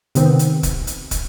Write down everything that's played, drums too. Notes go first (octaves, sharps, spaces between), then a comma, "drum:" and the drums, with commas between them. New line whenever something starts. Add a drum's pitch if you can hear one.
C3 D#3 B3 C4, drum: hi-hat
drum: hi-hat
drum: kick, hi-hat
drum: hi-hat
drum: kick, hi-hat